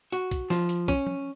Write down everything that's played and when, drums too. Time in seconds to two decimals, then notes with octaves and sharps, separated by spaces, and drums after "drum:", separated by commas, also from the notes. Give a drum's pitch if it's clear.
0.12 F#4, drum: hi-hat
0.31 drum: kick B1, hi-hat
0.50 F3, drum: snare
0.69 drum: hi-hat
0.88 C#4, drum: kick B1, hi-hat
1.07 drum: tom F3